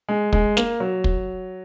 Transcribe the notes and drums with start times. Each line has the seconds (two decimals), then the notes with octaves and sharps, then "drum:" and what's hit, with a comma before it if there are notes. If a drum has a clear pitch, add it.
0.09 G#3
0.33 G#3, drum: kick
0.57 A#3, drum: snare
0.80 F#3
1.04 drum: kick